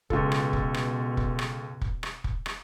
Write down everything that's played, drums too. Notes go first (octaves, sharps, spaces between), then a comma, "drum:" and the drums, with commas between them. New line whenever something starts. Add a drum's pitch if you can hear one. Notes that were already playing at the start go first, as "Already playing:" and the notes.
C#2 B2 F4 A4, drum: kick
drum: rim click
drum: kick
drum: rim click
drum: kick
drum: rim click
drum: kick
drum: rim click
drum: kick
drum: rim click